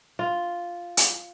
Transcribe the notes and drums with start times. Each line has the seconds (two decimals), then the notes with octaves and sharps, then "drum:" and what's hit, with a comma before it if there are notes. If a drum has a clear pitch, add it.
0.19 F4
0.97 drum: hi-hat